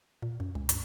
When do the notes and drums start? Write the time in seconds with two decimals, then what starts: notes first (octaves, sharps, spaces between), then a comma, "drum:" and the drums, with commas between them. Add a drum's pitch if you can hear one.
0.22 A#2
0.40 F#2
0.55 C#2
0.69 G2, drum: hi-hat